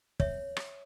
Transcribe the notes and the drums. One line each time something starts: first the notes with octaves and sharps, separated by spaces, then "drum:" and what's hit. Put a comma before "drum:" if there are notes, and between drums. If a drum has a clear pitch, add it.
C#5 E5, drum: kick
drum: rim click